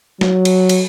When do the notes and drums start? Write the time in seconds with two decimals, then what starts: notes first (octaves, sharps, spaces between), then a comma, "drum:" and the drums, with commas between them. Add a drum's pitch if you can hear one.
0.21 F#3, drum: snare
0.45 drum: cymbal
0.69 drum: cymbal